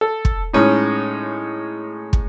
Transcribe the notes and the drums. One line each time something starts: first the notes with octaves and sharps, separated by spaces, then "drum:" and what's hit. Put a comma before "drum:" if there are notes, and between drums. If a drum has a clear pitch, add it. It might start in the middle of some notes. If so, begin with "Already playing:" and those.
A4
drum: kick
A2 G#3 C#4 D#4
drum: kick